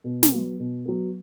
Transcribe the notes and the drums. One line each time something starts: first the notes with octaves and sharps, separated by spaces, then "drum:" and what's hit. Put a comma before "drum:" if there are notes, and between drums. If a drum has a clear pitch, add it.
B2
drum: snare
F#3 B3
B2
F#3 B3